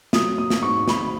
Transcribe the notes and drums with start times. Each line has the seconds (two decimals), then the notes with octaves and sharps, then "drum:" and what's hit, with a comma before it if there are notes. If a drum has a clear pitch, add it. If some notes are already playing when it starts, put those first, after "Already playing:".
0.13 F#3 D#6, drum: snare
0.38 A#3 D#6
0.50 drum: snare
0.63 G#2 C#6
0.88 G#1 B5, drum: snare